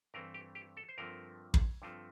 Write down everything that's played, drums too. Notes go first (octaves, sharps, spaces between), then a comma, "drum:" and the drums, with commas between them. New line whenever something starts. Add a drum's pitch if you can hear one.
G2 E3 A3 C4 A#4
G4
G4
A4
C5
G2 D3 F3 A3 C4 A#4
drum: kick
G2 D3 F3 A3 C4